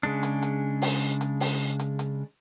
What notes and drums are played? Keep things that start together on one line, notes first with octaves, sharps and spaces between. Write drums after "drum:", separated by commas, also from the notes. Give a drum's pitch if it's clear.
C#3 G#3 D4
drum: hi-hat
drum: hi-hat
drum: open hi-hat
drum: hi-hat
drum: open hi-hat
drum: hi-hat
drum: hi-hat